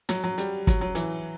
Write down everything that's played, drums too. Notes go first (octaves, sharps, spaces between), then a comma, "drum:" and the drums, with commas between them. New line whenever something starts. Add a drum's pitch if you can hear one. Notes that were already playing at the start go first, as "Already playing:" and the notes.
F#3, drum: snare
F#3
G3, drum: hi-hat
F#3, drum: kick, hi-hat
F#3
E3, drum: hi-hat